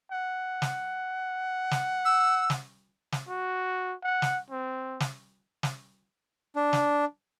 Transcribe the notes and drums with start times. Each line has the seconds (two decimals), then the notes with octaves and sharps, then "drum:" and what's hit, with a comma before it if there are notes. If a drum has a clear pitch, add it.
0.12 F#5
0.62 drum: snare
1.71 drum: snare
2.05 E6
2.50 drum: snare
3.12 drum: snare
3.28 F#4
4.03 F#5
4.22 drum: snare
4.50 C4
5.00 drum: snare
5.63 drum: snare
6.56 D4
6.73 drum: snare